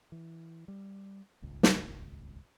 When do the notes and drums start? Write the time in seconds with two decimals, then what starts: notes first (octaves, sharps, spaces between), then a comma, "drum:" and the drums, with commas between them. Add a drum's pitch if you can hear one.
0.12 E3
0.68 G3
1.42 D#1 G#1 C#2
1.63 drum: snare